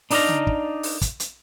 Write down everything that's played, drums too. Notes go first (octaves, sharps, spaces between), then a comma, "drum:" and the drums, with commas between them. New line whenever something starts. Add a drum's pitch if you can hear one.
D4 D#4 D5 D#5 F5 A#5, drum: open hi-hat
drum: tom C#3
drum: kick
drum: open hi-hat
drum: kick, hi-hat
drum: hi-hat